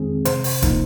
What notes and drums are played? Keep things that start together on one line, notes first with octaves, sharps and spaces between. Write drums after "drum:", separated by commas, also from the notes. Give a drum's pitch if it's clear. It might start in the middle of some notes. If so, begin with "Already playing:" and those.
Already playing: F2 D#3 G#3 C4 G#4
C3 C5, drum: hi-hat
drum: open hi-hat
F3 A#3 D#4, drum: kick F1, hi-hat